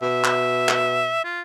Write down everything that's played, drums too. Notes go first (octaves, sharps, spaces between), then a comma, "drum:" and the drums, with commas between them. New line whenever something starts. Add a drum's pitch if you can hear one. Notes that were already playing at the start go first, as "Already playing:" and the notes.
B2 E5
drum: clap
drum: clap
F4